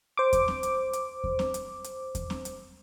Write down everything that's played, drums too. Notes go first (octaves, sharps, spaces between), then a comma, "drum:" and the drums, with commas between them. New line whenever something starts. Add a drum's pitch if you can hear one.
C5 D6
drum: kick E2, hi-hat
drum: snare C4
drum: hi-hat
drum: hi-hat
drum: kick E2
drum: snare C4
drum: hi-hat
drum: hi-hat
drum: kick E2, hi-hat
drum: snare C4
drum: hi-hat